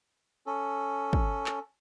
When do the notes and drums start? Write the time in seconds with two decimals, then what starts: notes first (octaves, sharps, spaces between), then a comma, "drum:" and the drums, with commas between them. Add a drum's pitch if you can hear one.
0.46 C#4 A4
1.13 drum: kick
1.46 drum: clap